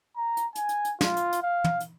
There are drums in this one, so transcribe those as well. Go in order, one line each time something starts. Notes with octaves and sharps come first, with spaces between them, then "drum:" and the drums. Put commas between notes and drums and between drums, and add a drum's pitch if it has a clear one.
A#5
drum: hi-hat
G#5, drum: hi-hat
drum: hi-hat
drum: hi-hat
F4, drum: snare
drum: hi-hat
drum: hi-hat
F5
drum: tom
drum: hi-hat